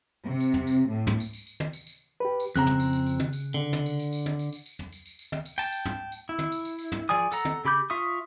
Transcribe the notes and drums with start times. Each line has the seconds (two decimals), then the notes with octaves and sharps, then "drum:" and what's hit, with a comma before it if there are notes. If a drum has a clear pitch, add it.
0.21 C3
0.40 drum: tambourine
0.54 drum: tom
0.67 drum: tambourine
0.88 A2
1.07 drum: tom
1.20 drum: tambourine
1.33 drum: tambourine
1.47 drum: tambourine
1.60 drum: tom
1.73 drum: tambourine
1.87 drum: tambourine
2.20 G4 B4
2.40 drum: tambourine
2.56 F2 C#3 C4 A#5 F#6, drum: tambourine
2.66 drum: tom
2.80 drum: tambourine
2.93 drum: tambourine
3.06 drum: tambourine
3.20 drum: tom
3.33 drum: tambourine
3.54 D3
3.73 drum: tom
3.86 drum: tambourine
3.99 drum: tambourine
4.13 drum: tambourine
4.26 drum: tom
4.39 drum: tambourine
4.53 drum: tambourine
4.66 drum: tambourine
4.79 drum: tom
4.92 drum: tambourine
5.06 drum: tambourine
5.19 drum: tambourine
5.32 drum: tom
5.46 drum: tambourine
5.58 G5 A5, drum: tambourine
5.72 drum: tambourine
5.85 drum: tom
6.12 drum: tambourine
6.29 E4
6.39 drum: tom
6.52 drum: tambourine
6.65 drum: tambourine
6.79 drum: tambourine
6.92 drum: tom
7.09 F3 G#4 D5 G#5 D#6
7.32 A4 F#5 A#5, drum: tambourine
7.45 drum: tom
7.65 C#3 G4 B5 D6 G6
7.90 F4 E5 C#6 D#6